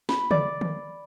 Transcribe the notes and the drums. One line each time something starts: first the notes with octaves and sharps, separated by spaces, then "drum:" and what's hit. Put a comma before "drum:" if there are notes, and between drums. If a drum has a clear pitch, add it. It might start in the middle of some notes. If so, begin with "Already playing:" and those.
B5, drum: snare
D5, drum: tom
drum: tom